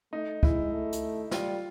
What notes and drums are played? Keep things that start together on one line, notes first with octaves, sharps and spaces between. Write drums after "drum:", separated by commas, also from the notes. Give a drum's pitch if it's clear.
A3 D#4
G#3 E4, drum: kick
A3
drum: hi-hat
G3 F4, drum: snare